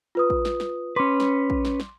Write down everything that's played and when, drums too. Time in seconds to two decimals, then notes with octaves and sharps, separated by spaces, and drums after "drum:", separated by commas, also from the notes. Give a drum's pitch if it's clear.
0.15 F4 B4 D#6
0.30 drum: kick
0.45 drum: snare
0.60 drum: snare
0.96 C#4 B4 C6 D6
1.20 drum: snare
1.50 drum: kick
1.65 drum: snare
1.80 drum: snare